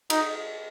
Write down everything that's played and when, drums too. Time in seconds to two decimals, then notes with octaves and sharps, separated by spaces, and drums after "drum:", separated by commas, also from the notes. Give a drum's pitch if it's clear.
0.10 D#4, drum: cymbal